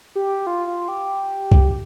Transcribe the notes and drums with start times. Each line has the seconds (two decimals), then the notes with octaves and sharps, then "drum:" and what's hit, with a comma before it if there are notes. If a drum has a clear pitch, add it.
0.15 G4
0.47 F4
0.67 F4
0.88 G4
1.52 drum: kick C2